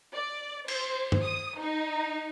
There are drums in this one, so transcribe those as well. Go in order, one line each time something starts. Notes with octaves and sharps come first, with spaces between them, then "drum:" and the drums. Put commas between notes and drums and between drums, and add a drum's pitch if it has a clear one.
D5
C5, drum: cymbal
drum: tom
D#6
D#4